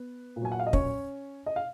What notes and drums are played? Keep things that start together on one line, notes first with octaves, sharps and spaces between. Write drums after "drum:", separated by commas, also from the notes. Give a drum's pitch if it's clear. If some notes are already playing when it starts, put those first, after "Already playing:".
Already playing: B3 B4
A#2
F#3 G#5
F#5
F5
D#5
C#4 C#5, drum: kick
D#5
F5